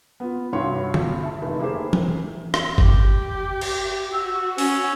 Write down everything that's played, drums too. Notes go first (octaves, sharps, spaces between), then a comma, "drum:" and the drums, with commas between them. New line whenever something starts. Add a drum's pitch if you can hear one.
B3 F4
C2 G2 E3 F#4 C#5 C6
drum: tom D3
E5 A5
F1 D#3 A3
A#3 E4 G4 G#4 C5
drum: tom E3
drum: rim click
G4, drum: kick G1
drum: cymbal
F#4 E6
C#4, drum: open hi-hat